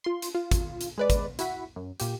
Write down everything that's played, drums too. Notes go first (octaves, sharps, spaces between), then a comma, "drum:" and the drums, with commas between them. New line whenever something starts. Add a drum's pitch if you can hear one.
F4 C6
drum: hi-hat
F4
drum: kick, hi-hat
drum: hi-hat
G#3 B4 D5
drum: kick, hi-hat
E4 F#4 F#5 B6, drum: hi-hat
F#2
A#2 G4, drum: hi-hat